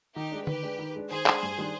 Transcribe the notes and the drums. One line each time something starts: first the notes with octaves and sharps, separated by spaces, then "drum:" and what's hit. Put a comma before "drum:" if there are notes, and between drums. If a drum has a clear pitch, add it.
D#3 D#4 G4
G#3 D4
D#3 G4 B4, drum: tom D3
G#3 D4
D#3
G#3 D4
D#3 G#4 C5
G#3 D4, drum: clap
G2
D#3 G3 D4